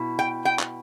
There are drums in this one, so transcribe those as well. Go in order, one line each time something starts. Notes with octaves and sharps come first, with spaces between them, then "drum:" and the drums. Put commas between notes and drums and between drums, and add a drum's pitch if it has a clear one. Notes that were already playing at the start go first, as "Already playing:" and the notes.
Already playing: B2 E4
G5
G5
drum: clap